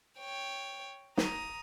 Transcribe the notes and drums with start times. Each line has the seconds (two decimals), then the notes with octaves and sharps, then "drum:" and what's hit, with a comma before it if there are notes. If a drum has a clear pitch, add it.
0.18 C#5 G5
1.17 A#5 D#6, drum: snare